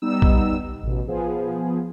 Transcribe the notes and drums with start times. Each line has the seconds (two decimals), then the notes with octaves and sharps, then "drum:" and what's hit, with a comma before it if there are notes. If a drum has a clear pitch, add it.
0.02 G3 B3 D#4 E6
0.22 drum: kick A#1
0.83 A1 B2
1.08 F3 B3 G#4